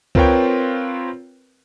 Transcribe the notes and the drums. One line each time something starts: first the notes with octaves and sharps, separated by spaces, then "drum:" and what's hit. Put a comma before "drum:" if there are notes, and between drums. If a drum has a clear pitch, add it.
C4 F4 A#4 B4 C#5 G5, drum: kick C#2